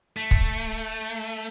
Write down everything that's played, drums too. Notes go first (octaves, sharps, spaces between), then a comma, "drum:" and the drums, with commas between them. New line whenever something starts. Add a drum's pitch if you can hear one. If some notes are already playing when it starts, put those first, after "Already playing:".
A3
drum: kick C#1